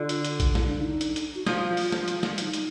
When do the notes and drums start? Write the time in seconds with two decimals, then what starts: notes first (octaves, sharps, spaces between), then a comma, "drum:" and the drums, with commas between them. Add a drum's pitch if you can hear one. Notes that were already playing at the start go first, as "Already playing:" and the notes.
Already playing: D3 F4
0.09 drum: hi-hat
0.25 drum: hi-hat
0.40 drum: kick, hi-hat
0.55 E4, drum: snare
0.67 D4
0.78 D#4
1.01 drum: hi-hat
1.16 drum: hi-hat
1.35 F#4
1.47 F3 F4, drum: snare
1.77 drum: open hi-hat
1.92 drum: snare
2.08 drum: hi-hat
2.23 drum: snare
2.38 D#4, drum: hi-hat
2.53 drum: hi-hat